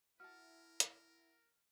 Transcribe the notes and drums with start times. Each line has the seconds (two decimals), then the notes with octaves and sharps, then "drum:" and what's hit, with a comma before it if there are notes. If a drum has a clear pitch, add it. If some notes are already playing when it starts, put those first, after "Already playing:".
0.20 E4 F#4 A#4 E5 A5 F6
0.80 drum: hi-hat